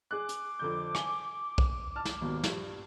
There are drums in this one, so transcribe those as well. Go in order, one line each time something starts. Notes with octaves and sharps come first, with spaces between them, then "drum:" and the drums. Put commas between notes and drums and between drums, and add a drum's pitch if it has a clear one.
G#4 D6 F#6
drum: hi-hat
F2 D3 G6
G#5 G7, drum: rim click
drum: kick B1
A5 F6
drum: snare
G#1 D#2 B2
A#1 G2, drum: snare